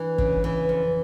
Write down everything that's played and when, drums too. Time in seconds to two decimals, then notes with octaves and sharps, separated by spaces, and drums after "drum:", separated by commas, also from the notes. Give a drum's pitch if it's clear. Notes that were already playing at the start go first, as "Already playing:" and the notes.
Already playing: E3 D4
0.18 C#3, drum: kick
0.44 E3
0.69 F2